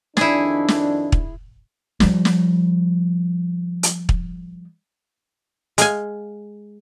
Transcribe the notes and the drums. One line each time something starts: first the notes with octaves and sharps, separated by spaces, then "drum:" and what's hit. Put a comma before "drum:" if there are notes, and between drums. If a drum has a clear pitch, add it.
F2 D#3 D4 E4 G#4, drum: snare
drum: snare
drum: kick
F3 G3, drum: snare
drum: snare
drum: hi-hat
drum: kick
G#3 F5 G#5, drum: hi-hat